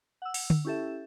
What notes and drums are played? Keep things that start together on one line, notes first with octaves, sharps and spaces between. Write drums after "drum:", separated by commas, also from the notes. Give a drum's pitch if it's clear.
F#5 E6
drum: open hi-hat
drum: tom D3
C#4 E4 G4 A4 E5